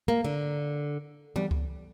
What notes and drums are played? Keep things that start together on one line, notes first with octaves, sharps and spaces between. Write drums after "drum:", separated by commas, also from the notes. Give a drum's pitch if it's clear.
A#3
D3
G3, drum: tom E3
drum: kick C#2